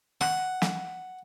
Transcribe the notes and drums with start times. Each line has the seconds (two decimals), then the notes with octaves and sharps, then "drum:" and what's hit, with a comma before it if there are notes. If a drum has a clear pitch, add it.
0.21 F#5, drum: rim click
0.62 drum: snare